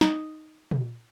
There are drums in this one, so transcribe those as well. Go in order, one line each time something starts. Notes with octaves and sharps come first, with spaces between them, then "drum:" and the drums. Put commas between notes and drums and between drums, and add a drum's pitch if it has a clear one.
D#4, drum: snare
drum: tom